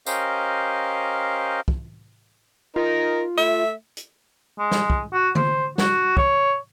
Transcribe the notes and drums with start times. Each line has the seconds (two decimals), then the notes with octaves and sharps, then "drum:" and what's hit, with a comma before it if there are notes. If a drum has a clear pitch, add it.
0.06 C#4 G4 A#4 C5 D#5 F5, drum: tambourine
1.68 drum: kick
2.76 D#4 F4 A#4
3.37 A3 E5
3.97 drum: hi-hat
4.59 G#3
4.71 drum: snare
4.90 drum: kick
5.12 F#4
5.35 C5, drum: tom D3
5.78 F#4, drum: snare
6.17 C#5, drum: kick